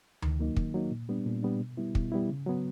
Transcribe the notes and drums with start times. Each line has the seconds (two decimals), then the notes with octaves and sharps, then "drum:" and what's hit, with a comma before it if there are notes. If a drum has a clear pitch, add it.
0.22 D#3, drum: tom D2
0.39 F#3 A#3 D#4
0.56 D#3, drum: kick
0.74 F#3 A#3 D#4
0.91 A#2
1.09 G3 B3 D4
1.26 A#2
1.43 G3 B3 D4
1.60 B2
1.77 G3 B3 E4
1.95 B2, drum: kick
2.12 G3 B3 E4
2.29 C#3
2.46 F#3 B3